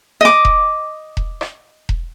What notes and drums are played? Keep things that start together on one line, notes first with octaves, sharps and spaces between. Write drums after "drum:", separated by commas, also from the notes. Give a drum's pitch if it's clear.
D#5 D6
drum: kick E1
drum: kick E1
drum: rim click
drum: kick E1